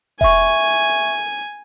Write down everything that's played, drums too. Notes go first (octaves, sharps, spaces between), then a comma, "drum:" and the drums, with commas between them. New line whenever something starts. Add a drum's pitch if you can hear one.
E5 G#5 C#6, drum: kick E1